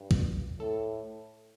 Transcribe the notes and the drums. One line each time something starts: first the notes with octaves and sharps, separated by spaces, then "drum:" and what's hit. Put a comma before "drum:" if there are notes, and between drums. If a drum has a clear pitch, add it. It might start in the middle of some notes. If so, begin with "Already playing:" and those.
Already playing: G2
drum: kick
A2 A4